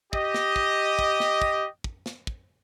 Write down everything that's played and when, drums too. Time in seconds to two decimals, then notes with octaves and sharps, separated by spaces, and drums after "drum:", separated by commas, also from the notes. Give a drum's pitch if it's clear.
0.13 G4 D#5, drum: kick
0.34 drum: snare
0.56 drum: kick
0.99 drum: kick
1.20 drum: snare
1.42 drum: kick
1.84 drum: kick
2.06 drum: snare
2.27 drum: kick